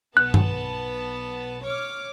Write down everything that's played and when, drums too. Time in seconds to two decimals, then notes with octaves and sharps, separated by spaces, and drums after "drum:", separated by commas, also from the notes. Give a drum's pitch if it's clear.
0.17 B1 B3 A5 F#6
0.34 drum: tom G2
1.62 C#5 D6 F6